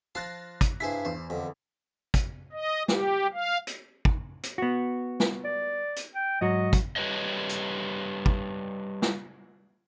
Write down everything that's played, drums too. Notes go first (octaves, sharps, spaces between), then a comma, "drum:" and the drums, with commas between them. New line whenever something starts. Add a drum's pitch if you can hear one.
F3 F4 A5 C6 F#6 A#6
drum: kick, hi-hat
G2 E4 G#4 C5 B6
E2 C5
F2 D3
drum: kick, hi-hat
D#5
G4, drum: snare
F5
drum: hi-hat
drum: kick
drum: hi-hat
B3 F#4
drum: snare
D5
drum: hi-hat
G5
G#2 F#3 F#4 D#5
drum: kick, hi-hat
G3 B4 C#5 D#5
drum: hi-hat
drum: kick
drum: snare